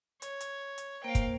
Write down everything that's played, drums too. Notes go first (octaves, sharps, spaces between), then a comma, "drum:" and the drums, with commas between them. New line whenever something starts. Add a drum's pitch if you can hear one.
C#5, drum: hi-hat
drum: hi-hat
drum: hi-hat
A#3 A#4 C5 F5 G5
drum: kick, hi-hat